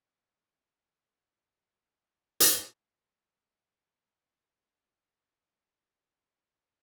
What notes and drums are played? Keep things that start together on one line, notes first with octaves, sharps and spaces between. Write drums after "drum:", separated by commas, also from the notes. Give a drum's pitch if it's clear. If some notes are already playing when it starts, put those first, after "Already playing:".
C#3 G3 D4 F#4 B4
A#3 G#4 A4 C5
drum: hi-hat
F2 G3 C#4 D4